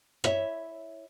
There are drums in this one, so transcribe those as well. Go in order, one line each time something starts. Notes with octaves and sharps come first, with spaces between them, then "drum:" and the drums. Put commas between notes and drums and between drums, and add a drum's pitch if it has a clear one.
E4 C#5 E5, drum: rim click